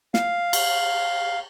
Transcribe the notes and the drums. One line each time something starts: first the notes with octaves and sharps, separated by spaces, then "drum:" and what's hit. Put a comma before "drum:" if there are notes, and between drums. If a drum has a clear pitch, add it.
F5, drum: snare
drum: cymbal